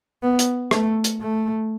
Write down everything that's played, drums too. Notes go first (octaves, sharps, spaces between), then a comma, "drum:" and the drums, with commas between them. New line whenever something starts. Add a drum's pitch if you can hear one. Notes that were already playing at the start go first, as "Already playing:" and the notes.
B3
drum: hi-hat
A3, drum: rim click
drum: hi-hat
A3